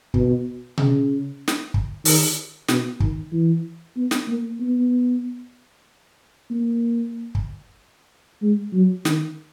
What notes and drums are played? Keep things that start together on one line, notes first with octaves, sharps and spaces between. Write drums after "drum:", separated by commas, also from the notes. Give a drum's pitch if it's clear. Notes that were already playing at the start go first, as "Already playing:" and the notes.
B2, drum: kick
C#3, drum: tom B2
drum: snare
drum: kick
D#3, drum: open hi-hat
B2, drum: snare
D#3, drum: kick
E3
B3
drum: snare
A#3
B3
A#3
drum: kick
G#3
F#3
D#3, drum: snare